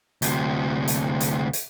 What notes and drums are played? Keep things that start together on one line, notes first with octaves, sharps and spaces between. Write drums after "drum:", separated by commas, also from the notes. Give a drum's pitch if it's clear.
D2 C3, drum: hi-hat
drum: hi-hat
drum: hi-hat
drum: hi-hat